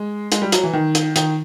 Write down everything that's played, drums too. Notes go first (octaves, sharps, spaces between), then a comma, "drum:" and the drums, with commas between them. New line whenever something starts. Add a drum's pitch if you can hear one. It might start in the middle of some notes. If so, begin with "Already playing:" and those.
Already playing: G#3
G#3, drum: hi-hat
G3
F#3, drum: hi-hat
E3
D#3
drum: hi-hat
D#3, drum: hi-hat